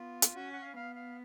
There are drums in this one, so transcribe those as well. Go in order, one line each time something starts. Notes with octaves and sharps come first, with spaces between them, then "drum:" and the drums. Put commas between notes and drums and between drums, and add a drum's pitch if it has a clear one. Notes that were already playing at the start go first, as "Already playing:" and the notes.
Already playing: B3 F4
drum: hi-hat
C#4 F#4
F#5
F5
B3 F5
F5